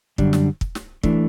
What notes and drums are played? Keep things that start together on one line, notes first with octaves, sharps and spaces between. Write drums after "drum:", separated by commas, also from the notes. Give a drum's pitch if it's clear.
F#2 D3 G3 D4, drum: kick
drum: snare
drum: kick
drum: snare
E3 A3 D4, drum: kick